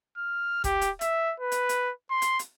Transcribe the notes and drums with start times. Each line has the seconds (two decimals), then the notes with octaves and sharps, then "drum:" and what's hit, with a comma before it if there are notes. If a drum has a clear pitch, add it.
0.17 F6
0.64 G4, drum: kick, hi-hat
0.81 drum: hi-hat
1.01 E5, drum: hi-hat
1.40 B4
1.52 drum: hi-hat
1.69 drum: hi-hat
2.10 C6
2.22 drum: hi-hat
2.39 drum: hi-hat